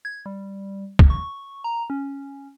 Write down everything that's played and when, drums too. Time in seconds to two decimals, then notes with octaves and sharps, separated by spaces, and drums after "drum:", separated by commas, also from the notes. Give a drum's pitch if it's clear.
0.05 G#6
0.26 G3
0.99 drum: kick
1.10 C#6
1.64 A#5
1.90 C#4